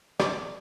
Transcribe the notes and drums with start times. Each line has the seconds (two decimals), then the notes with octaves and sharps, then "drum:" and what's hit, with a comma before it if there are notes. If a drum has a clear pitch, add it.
0.20 D5, drum: rim click